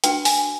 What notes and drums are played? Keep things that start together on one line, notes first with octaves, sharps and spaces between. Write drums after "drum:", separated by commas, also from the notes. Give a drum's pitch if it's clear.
D4 F#4 B4 G5, drum: hi-hat
G#5, drum: open hi-hat